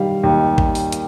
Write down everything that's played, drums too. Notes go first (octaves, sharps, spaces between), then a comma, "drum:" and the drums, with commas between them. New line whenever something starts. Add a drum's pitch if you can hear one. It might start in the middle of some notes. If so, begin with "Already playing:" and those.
Already playing: D#3 G3 F5
D#2
drum: kick
drum: open hi-hat
drum: hi-hat